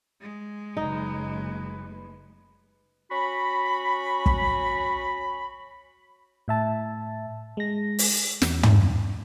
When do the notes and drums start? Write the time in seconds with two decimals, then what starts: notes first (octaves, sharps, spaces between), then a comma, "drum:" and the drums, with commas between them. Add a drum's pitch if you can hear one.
0.21 G#3
0.77 F#1 C#3 A#3 D#4 B4
3.11 C#4 F#4 B5
4.26 drum: kick
6.48 A2 E5 A5
7.57 G#3 A#6
7.99 drum: open hi-hat
8.42 E2, drum: snare
8.63 drum: tom